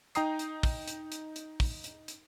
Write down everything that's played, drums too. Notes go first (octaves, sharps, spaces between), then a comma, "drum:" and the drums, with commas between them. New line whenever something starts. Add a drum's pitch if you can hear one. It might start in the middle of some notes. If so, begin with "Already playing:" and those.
D#4 G5 A#5 D#6 C7, drum: hi-hat
drum: hi-hat
drum: kick, open hi-hat
drum: hi-hat
drum: hi-hat
drum: hi-hat
drum: kick, open hi-hat
drum: hi-hat
drum: hi-hat